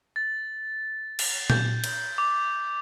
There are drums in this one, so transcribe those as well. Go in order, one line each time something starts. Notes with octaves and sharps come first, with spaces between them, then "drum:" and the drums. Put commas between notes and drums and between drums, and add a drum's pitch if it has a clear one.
A6
drum: cymbal
G6, drum: tom A#2
drum: cymbal
D6